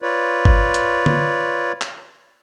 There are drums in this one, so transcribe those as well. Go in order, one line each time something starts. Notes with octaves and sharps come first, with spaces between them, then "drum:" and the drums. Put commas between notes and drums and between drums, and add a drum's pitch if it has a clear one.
F4 B4 C#5 D5
drum: kick G1
drum: hi-hat
drum: tom D3
drum: clap